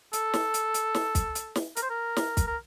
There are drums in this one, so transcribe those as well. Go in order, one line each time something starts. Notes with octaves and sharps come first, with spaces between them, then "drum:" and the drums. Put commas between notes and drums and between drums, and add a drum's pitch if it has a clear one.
A4, drum: hi-hat
drum: snare
drum: hi-hat
drum: hi-hat
drum: snare
drum: kick, hi-hat
drum: hi-hat
drum: snare
A#4, drum: hi-hat
C5
A#4
drum: snare
drum: kick, hi-hat
A#4